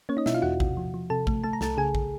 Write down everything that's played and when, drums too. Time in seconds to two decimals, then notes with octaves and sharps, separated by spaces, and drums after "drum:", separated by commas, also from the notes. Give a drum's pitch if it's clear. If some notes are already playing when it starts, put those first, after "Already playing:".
0.09 A#3 C#4 C#5
0.17 D#4 D#5
0.26 B2 E4 E5, drum: snare
0.34 F4 F5
0.42 E2 F#4 F#5
0.60 C3, drum: kick A1
0.77 F3
0.94 F3
1.10 C3 A4 A5
1.27 A3, drum: kick A1
1.44 A3 A5
1.53 A#5
1.61 C2 A4 A5, drum: snare
1.77 C#3 G#4 G#5
1.95 drum: kick A1